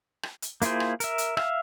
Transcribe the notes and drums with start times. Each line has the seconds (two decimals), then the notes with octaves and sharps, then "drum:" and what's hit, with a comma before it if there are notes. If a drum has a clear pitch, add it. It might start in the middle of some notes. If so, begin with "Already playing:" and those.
0.23 drum: rim click
0.42 drum: hi-hat
0.62 A#3 E4 F4 G#4 C5, drum: hi-hat
0.80 drum: rim click
1.00 A#4 E5, drum: hi-hat
1.18 drum: hi-hat
1.37 E5 F5, drum: rim click